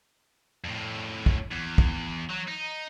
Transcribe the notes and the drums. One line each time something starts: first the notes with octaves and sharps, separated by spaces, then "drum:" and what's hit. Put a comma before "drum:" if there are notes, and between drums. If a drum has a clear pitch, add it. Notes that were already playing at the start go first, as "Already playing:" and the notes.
F2 A2
drum: kick
E2
drum: kick
F#3
D#4